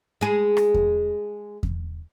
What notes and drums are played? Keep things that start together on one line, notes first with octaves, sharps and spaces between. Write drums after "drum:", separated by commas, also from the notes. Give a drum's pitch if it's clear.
G#3 G#4
drum: rim click
drum: kick E2
drum: kick E2